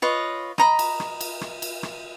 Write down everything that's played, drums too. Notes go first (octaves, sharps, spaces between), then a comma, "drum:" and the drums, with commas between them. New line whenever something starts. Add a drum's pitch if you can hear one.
F4 B4 C#5 D#5
D#5 A#5 B5, drum: rim click
drum: cymbal
drum: rim click
drum: cymbal
drum: rim click
drum: cymbal
drum: rim click